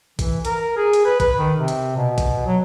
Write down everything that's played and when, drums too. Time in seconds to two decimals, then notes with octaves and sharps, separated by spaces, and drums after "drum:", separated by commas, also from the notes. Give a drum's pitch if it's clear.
0.19 E3, drum: kick A#1, hi-hat
0.45 A#4, drum: hi-hat
0.77 G#4
0.93 drum: hi-hat
1.06 B4
1.20 B4, drum: kick A#1, hi-hat
1.38 D#3
1.59 C3
1.68 drum: hi-hat
1.97 B2
2.18 drum: kick A#1, hi-hat
2.46 F#3